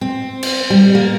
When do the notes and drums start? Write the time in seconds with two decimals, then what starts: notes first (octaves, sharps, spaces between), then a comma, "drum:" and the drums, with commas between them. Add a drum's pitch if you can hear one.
0.01 C4
0.43 drum: cymbal
0.70 G3
0.95 A#3